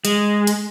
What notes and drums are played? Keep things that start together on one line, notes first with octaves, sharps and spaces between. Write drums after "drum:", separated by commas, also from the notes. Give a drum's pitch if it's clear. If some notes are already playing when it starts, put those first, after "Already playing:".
G#3, drum: hi-hat
drum: hi-hat